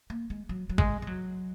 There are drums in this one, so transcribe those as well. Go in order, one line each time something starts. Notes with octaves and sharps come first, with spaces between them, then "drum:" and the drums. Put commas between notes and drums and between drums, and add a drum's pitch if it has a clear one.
A#3
G#3
F#3
F#3
G#3, drum: kick
G#3
F#3